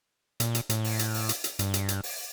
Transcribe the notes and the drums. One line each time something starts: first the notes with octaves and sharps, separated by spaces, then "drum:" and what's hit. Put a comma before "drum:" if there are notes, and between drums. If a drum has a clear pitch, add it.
A#2, drum: hi-hat
drum: hi-hat
A2, drum: hi-hat
drum: open hi-hat
drum: hi-hat
drum: open hi-hat
drum: hi-hat
drum: hi-hat
G2, drum: hi-hat
drum: hi-hat
drum: hi-hat
drum: open hi-hat